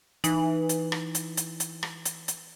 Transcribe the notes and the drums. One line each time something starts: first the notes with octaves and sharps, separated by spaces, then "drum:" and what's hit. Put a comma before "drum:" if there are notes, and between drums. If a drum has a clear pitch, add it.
E3 D#4, drum: hi-hat
drum: hi-hat
drum: rim click
drum: hi-hat
drum: hi-hat
drum: hi-hat
drum: rim click
drum: hi-hat
drum: hi-hat